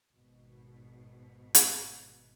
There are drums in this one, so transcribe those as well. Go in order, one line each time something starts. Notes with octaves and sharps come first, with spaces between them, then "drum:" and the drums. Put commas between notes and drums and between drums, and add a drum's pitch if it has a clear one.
G#1 B2
drum: hi-hat